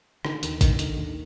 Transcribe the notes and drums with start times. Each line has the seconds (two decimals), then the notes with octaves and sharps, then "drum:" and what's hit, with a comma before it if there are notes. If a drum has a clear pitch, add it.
0.25 D3 D#3, drum: rim click
0.43 D#2 D#3, drum: hi-hat
0.61 D3 D#3, drum: kick A1, hi-hat
0.79 D3 D#3, drum: hi-hat
0.97 D#2